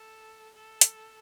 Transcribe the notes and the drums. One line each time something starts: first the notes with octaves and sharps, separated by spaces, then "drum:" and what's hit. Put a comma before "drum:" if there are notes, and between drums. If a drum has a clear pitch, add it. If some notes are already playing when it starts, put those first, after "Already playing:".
Already playing: A4
A4
drum: hi-hat